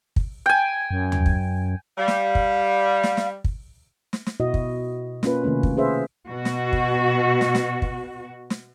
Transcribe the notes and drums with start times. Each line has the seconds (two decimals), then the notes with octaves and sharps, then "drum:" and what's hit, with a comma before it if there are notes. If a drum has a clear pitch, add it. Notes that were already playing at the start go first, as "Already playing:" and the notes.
0.16 drum: kick
0.46 G5 G#5
0.91 F#2
1.12 drum: tom D#2
1.26 drum: kick
1.98 G3 F5
2.08 drum: snare
2.35 drum: kick
3.03 drum: snare
3.17 drum: snare
3.44 drum: kick
4.13 drum: snare
4.26 drum: snare
4.40 B2 E4 F#4 D#5
4.54 drum: kick
5.23 A#3 C#4 F4 B4, drum: snare
5.44 C3 D#3 A3 A#3 C#4
5.63 drum: kick
5.77 C#4 G#4 B4 C5 E5 F5
6.28 B2 F#4
6.45 drum: snare
6.73 drum: kick
7.41 drum: snare
7.55 drum: snare
7.82 drum: kick
8.50 drum: snare